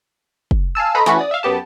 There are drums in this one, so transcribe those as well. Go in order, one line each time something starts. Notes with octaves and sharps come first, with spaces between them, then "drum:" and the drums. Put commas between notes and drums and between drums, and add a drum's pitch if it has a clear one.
drum: kick
F5 G#5 A5 E6
A4 B4 C5 D#5 A#5 B5
E3 A3 C#4 F#4 B4, drum: snare
D5 D#6
E5 F5
F#2 B3 G4 A5